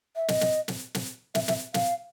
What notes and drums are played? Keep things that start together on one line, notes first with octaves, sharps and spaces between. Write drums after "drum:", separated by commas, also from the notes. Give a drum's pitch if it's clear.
E5
D#5, drum: snare
drum: snare
drum: snare
drum: snare
E5, drum: snare
E5, drum: snare
F5, drum: snare